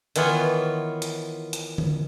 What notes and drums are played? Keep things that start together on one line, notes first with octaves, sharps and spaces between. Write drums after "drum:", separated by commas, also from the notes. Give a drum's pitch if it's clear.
D#3 E3 B3 F4 C#5 G5, drum: hi-hat
drum: hi-hat
drum: hi-hat
drum: tom D3